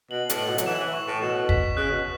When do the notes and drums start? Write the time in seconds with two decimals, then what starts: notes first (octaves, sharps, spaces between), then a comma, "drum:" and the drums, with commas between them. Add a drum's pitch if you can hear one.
0.11 B2 F#7
0.30 A2, drum: hi-hat
0.38 F#7
0.47 B2
0.58 F#3, drum: hi-hat
0.66 E3 E7
0.80 E3
0.93 C#6
1.07 A2
1.21 B2 E7
1.49 B6, drum: kick
1.76 C#3 F#6
1.91 B2